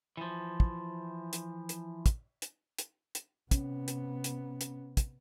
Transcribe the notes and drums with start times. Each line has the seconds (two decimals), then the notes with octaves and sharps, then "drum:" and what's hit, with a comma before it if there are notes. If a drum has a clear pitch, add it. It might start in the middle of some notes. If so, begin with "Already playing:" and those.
0.17 E3 F3
0.60 drum: kick
1.33 drum: hi-hat
1.69 drum: hi-hat
2.06 drum: kick, hi-hat
2.42 drum: hi-hat
2.79 drum: hi-hat
3.15 drum: hi-hat
3.51 C3 B3 C#4, drum: kick, hi-hat
3.88 drum: hi-hat
4.24 drum: hi-hat
4.61 drum: hi-hat
4.97 drum: kick, hi-hat